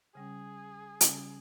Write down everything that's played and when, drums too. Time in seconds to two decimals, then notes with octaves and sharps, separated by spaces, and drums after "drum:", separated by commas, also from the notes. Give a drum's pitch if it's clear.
0.15 C#3 G3 C#4 G#4
1.01 C#3 G3 C#4, drum: hi-hat